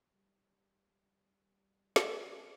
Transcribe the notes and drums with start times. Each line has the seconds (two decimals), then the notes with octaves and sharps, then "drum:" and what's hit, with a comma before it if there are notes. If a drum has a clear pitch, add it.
0.14 G3
1.96 drum: snare